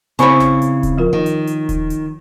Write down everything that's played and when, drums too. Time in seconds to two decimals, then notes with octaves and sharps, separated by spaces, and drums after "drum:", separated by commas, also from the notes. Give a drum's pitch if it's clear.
0.19 C#3 C4 E4 C#5 G#5 B5 C#6, drum: hi-hat
0.40 drum: snare G#1
0.62 drum: hi-hat
0.83 drum: kick D#1, hi-hat
0.98 F3 F4 A#4
1.13 D#3
1.26 drum: hi-hat
1.47 drum: hi-hat
1.69 drum: kick D#1, hi-hat
1.90 drum: hi-hat